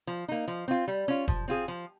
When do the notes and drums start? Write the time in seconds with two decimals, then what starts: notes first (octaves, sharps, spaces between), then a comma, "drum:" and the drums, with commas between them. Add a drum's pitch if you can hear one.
0.07 F3
0.28 A#3 D#4
0.48 F3
0.68 C4 F4
0.88 G3
1.08 C#4 F4
1.28 F3, drum: kick
1.48 C4 F4 G#4
1.68 F3